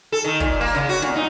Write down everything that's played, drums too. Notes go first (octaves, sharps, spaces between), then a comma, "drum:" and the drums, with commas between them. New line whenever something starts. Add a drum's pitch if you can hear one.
A4
D#3
A#2, drum: kick, hi-hat
A#3
C#3, drum: hi-hat
F#4, drum: hi-hat
A#2, drum: snare
D#4